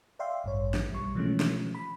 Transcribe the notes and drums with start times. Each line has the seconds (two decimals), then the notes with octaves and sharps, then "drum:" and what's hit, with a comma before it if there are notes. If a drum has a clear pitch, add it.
0.19 D5 E5 F5 G5 C6
0.44 A1 G2 C#5
0.74 drum: snare
0.90 B1 G3 C#6
1.15 B2 E3 F3 G#3 A3 C#4
1.40 drum: snare
1.75 B5